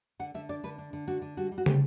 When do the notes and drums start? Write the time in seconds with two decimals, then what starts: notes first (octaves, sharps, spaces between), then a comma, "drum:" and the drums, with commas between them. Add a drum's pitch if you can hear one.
0.19 D3 F#5
0.34 D3 E5
0.49 D4 D5
0.64 D3 B4
0.78 D4
0.93 D3
1.08 D4 F#4
1.22 D3
1.37 G3 F#4
1.52 G3
1.58 F#4
1.66 G3 G4, drum: tom